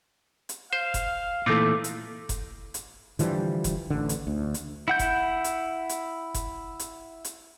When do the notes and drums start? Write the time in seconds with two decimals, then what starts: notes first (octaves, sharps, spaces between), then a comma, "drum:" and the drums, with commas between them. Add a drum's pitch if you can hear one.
0.49 drum: hi-hat
0.73 C5 F5
0.94 drum: kick F1, hi-hat
1.46 A#2 E3 A3 C4 D#4 F4 A4 D6
1.84 drum: hi-hat
2.29 drum: kick F1, hi-hat
2.74 drum: hi-hat
3.19 D3 E3 F3 G3, drum: hi-hat
3.64 drum: kick F1, hi-hat
3.90 A1 D3
4.09 drum: hi-hat
4.27 D2
4.54 drum: hi-hat
4.88 E4 F#5 G6
4.99 drum: kick F1, hi-hat
5.44 drum: hi-hat
5.89 drum: hi-hat
6.34 drum: kick F1, hi-hat
6.79 drum: hi-hat
7.24 drum: hi-hat